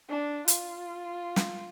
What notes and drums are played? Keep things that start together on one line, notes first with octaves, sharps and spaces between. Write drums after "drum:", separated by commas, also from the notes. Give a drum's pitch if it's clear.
D4
F4, drum: hi-hat
drum: snare